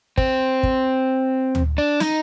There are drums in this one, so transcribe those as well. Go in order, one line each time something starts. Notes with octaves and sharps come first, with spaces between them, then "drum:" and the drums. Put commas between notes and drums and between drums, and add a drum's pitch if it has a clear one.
C4, drum: kick
drum: kick
drum: tom D2
D4
D#4, drum: snare